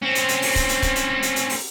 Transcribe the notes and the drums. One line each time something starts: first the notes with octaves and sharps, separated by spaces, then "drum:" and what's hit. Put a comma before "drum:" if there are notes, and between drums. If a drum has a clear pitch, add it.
C4 C#4
drum: hi-hat
drum: hi-hat
drum: open hi-hat
drum: kick C#1, hi-hat
drum: hi-hat
drum: kick C#1, hi-hat
drum: hi-hat
drum: hi-hat
drum: hi-hat
drum: open hi-hat